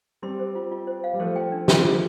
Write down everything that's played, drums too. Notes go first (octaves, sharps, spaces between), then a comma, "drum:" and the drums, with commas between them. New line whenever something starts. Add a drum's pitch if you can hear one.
G3 C4 C6
C5
F4
F4
C5
F5
G3
F3 A3 C5
G5
D4
D3 G3 C5, drum: snare
F4
F3 A3